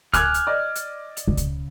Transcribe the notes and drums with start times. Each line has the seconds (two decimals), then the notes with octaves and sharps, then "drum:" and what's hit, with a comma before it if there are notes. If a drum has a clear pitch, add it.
0.14 G#5 D6 F6 F#6 G#6, drum: kick C#2, hi-hat
0.34 drum: hi-hat
0.47 D5 D#5
0.75 drum: hi-hat
1.17 drum: hi-hat
1.27 C#3
1.37 drum: kick C#2, hi-hat